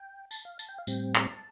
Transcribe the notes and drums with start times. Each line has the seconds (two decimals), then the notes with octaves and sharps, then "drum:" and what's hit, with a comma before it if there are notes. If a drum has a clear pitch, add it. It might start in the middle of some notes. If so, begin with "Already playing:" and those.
Already playing: G5
0.31 A5, drum: tambourine
0.45 F5
0.59 A5, drum: tambourine
0.69 G5
0.78 F5
0.87 A2 G3 C4 G5, drum: tambourine
1.15 A5, drum: clap